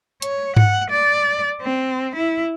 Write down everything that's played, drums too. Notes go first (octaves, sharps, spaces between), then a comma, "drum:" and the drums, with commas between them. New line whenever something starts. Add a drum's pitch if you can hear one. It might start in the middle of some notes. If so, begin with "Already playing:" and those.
C#5, drum: hi-hat
F#5, drum: tom G#2
D5
C4
E4